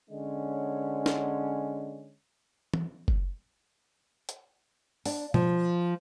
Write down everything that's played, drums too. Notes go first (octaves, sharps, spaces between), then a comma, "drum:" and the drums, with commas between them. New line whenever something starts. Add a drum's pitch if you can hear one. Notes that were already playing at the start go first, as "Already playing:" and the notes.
D3 G#3 C#4
drum: snare
drum: tom E3
drum: kick F#1
drum: hi-hat
D4, drum: open hi-hat
F3, drum: tom B2